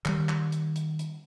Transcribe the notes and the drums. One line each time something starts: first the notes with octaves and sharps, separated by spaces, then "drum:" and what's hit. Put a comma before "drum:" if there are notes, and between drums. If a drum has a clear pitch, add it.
D#3 G3, drum: clap
drum: clap
drum: hi-hat
drum: hi-hat
drum: hi-hat